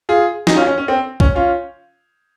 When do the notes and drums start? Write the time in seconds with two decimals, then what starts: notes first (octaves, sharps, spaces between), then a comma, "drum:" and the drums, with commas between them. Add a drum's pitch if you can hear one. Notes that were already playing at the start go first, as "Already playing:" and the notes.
0.09 F4 G#4
0.47 D#4, drum: snare
0.56 C#4 F4
0.67 C#4
0.78 C#4
0.88 C4
1.20 C#4, drum: kick
1.35 C#4 F4